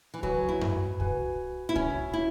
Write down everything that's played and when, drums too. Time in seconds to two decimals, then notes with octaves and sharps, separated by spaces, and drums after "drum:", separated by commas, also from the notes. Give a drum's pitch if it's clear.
0.14 E3
0.23 F#3 F#4 B4 G#5, drum: kick C2
0.49 E4
0.61 drum: tom F#2
1.00 F#4 B4 G#5, drum: kick C2
1.69 E4
1.76 C#4 F#4 C#5 E5, drum: kick C2
2.14 E4